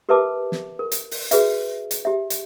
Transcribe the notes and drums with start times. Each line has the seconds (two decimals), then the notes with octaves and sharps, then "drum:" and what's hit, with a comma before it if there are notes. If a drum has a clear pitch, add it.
0.09 G4 A#4 B4 E5 A5 D6
0.52 drum: snare
0.79 A#4
0.92 drum: hi-hat
1.11 drum: open hi-hat
1.31 F#4 G#4 B4 E5, drum: hi-hat
1.91 drum: hi-hat
2.05 G4 E5
2.30 drum: hi-hat